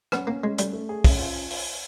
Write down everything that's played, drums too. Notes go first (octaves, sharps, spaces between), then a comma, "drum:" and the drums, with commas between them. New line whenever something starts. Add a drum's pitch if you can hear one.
B3 C#4, drum: rim click
A#3 C#4
G#3 C#4
G3 A3, drum: hi-hat
A3
G#4
C#4, drum: kick, open hi-hat
F4
drum: open hi-hat